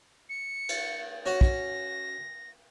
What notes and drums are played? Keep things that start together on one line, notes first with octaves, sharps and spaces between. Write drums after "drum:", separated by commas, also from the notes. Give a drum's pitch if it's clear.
C#7
drum: cymbal
C#4 F#4 C#5 A#6
drum: kick